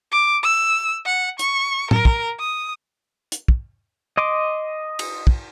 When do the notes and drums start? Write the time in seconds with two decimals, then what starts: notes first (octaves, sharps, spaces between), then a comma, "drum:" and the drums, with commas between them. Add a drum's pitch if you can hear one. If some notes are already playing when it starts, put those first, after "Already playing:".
0.12 D6
0.43 E6
1.05 F#5
1.39 C#6, drum: hi-hat
1.91 A#4, drum: tom A2
2.05 drum: kick
2.40 D#6
3.32 drum: hi-hat
3.48 drum: kick
4.17 D#5 C6 D6
4.99 drum: cymbal
5.27 drum: kick